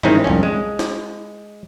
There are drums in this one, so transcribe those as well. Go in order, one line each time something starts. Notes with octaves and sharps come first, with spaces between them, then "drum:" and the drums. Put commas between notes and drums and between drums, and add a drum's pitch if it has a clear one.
D#3 G#3 C4 C#4 D#4 E4, drum: tom G2
C2 F2 C#4
G#3
drum: snare